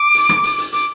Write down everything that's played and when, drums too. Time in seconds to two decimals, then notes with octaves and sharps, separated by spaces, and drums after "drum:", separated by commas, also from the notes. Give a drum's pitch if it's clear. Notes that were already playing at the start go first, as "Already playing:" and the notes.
Already playing: D6
0.15 drum: hi-hat
0.29 drum: rim click
0.44 drum: hi-hat
0.58 drum: hi-hat
0.73 D6, drum: hi-hat